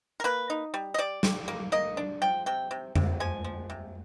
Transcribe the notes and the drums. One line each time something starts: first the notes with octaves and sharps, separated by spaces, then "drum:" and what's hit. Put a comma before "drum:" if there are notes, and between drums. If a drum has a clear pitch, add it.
A#4
A#3 B4
D#4
G3
D#5
G3 D5
G3, drum: snare
A#3
A#3 D#5
D4
F3 G5
C3 G5
C3
C3, drum: tom F2
F3 G#5
F3
C3